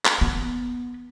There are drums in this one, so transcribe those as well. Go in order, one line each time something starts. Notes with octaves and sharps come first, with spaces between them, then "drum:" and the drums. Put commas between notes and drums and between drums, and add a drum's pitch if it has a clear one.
drum: clap
B3